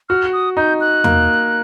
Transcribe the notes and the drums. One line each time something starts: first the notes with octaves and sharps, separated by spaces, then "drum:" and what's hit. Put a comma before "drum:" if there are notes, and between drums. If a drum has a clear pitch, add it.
F#4 F6
D#6
D#4 G6
F#6
A#3, drum: tom